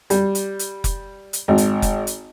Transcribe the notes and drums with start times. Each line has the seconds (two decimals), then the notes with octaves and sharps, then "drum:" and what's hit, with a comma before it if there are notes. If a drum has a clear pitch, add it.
0.10 G3, drum: hi-hat
0.35 drum: hi-hat
0.59 drum: hi-hat
0.84 drum: kick F1, hi-hat
1.33 drum: hi-hat
1.48 G#1
1.58 drum: hi-hat
1.82 drum: kick F1, hi-hat
2.07 drum: hi-hat